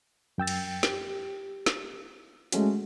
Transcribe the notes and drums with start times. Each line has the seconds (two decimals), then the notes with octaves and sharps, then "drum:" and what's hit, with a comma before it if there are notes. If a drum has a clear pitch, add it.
0.38 F#2 G5 E6 A6
0.47 drum: cymbal
0.83 G4, drum: snare
1.66 drum: snare
2.52 G#3 A3 C#4 F#4, drum: hi-hat